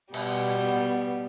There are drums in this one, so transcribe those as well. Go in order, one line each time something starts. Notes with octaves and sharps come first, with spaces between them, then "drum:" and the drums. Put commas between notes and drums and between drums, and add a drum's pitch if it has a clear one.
B2 G3 B3, drum: cymbal